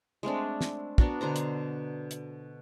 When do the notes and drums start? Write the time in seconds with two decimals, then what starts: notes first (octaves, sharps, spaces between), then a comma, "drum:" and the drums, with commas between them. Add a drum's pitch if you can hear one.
0.23 G#3 A3 C4 D4
0.61 drum: snare
0.98 B3 D4 F#4 A#4, drum: kick
1.21 B2 D3 C5 A#5
1.36 drum: hi-hat
2.11 drum: hi-hat